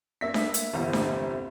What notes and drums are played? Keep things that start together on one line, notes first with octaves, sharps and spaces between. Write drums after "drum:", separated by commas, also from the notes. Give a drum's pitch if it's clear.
A#3 E5 B6
drum: snare D4
drum: hi-hat
G1 E2 C3
drum: snare D4